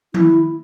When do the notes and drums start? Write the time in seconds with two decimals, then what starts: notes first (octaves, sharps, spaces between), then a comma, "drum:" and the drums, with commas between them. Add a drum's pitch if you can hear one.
0.14 E4, drum: tom D#3